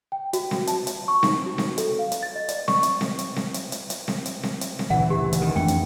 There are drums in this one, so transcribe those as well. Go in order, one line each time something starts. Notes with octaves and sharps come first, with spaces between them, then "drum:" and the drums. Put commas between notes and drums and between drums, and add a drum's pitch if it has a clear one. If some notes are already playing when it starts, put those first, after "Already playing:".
G5
F#4, drum: hi-hat
drum: snare C4
A5, drum: hi-hat
drum: hi-hat
C#6
D#4, drum: snare C4
F#4
drum: snare C4
A4, drum: hi-hat
F5
drum: hi-hat
A6
D#5
D5, drum: hi-hat
C#6, drum: snare C4
drum: hi-hat
drum: snare C4
drum: hi-hat
drum: snare C4
drum: hi-hat
drum: hi-hat
drum: hi-hat
drum: snare C4
drum: hi-hat
drum: snare C4
drum: hi-hat
drum: snare C4
D2 A#2 C#3 E3 F#5
G4
drum: hi-hat
D#3
F2 A3 B3 D4 G5
drum: hi-hat